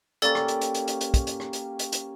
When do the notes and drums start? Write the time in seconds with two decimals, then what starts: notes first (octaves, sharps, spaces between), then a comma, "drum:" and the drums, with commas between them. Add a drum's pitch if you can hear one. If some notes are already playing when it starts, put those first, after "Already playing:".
0.22 A#3 C#4 G4 A4 D5 A6, drum: hi-hat
0.35 drum: rim click
0.48 drum: hi-hat
0.61 drum: hi-hat
0.74 drum: hi-hat
0.88 drum: hi-hat
1.01 drum: hi-hat
1.14 drum: kick, hi-hat
1.27 drum: hi-hat
1.40 drum: rim click
1.53 drum: hi-hat
1.79 drum: hi-hat
1.92 drum: hi-hat